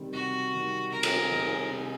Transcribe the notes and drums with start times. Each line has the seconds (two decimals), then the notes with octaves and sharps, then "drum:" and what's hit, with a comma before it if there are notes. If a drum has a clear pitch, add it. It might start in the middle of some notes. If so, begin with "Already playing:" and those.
Already playing: C3 D#3 G3 C4
0.13 C3 F#4
0.53 D#3 G3 C4
0.91 C3 A#4
1.03 drum: cymbal
1.31 D#3 G3 C4
1.70 C3